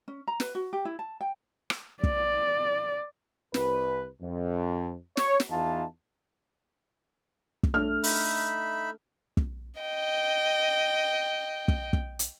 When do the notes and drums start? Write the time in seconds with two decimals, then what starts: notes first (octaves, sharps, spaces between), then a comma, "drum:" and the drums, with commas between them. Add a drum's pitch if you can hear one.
0.08 C#4
0.28 A#5
0.40 B4, drum: snare
0.55 F#4
0.73 G4
0.85 E4
0.99 A5
1.21 G5
1.70 drum: rim click
2.03 D5, drum: kick
3.54 C2 B4, drum: snare
4.22 F2
5.17 C#5, drum: snare
5.40 drum: snare
5.50 E2 E3 D#4 F4 A5
7.63 drum: kick
7.74 A3 D4 F6
8.04 D#4 E5 B5, drum: open hi-hat
9.37 drum: kick
9.81 D#5 G5
11.68 drum: kick
11.93 drum: kick
12.19 drum: hi-hat